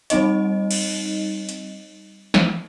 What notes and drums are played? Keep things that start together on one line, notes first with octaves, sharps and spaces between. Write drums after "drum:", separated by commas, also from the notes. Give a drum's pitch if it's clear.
G3 C4 D#4 D#5, drum: hi-hat
drum: cymbal
drum: hi-hat
drum: snare